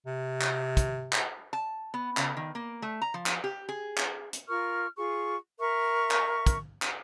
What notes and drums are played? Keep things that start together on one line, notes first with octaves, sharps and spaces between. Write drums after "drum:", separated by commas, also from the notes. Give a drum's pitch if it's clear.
C3
drum: clap
drum: kick, hi-hat
drum: clap
A5
B3
C#3, drum: clap
D#3
A#3
A3
A#5
F3
drum: clap
G4
G#4
drum: clap
drum: hi-hat
F4 A#4 C#6 F6
F4 G#4 C#6
A#4 E5 C#6
drum: clap
drum: kick, hi-hat
drum: clap